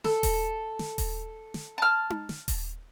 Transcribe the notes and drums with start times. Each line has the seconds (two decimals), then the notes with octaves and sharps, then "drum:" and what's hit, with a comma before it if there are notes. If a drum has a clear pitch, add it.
0.04 A4, drum: snare
0.23 drum: kick D#1, open hi-hat
0.79 drum: snare
0.98 drum: kick D#1, open hi-hat
1.54 drum: snare
1.78 A5 F6
2.10 drum: tom D#4
2.29 drum: snare
2.48 drum: kick D#1, open hi-hat